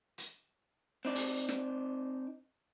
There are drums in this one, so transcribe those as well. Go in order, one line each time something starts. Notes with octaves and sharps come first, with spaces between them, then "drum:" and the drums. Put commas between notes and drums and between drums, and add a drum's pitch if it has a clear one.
drum: hi-hat
C4 D#4 D5
drum: open hi-hat
drum: snare